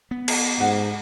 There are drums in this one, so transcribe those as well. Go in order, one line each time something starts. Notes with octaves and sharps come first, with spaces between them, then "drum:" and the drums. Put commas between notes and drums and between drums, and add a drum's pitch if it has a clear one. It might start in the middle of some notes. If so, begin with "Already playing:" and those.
B3
drum: cymbal
G#2 F#5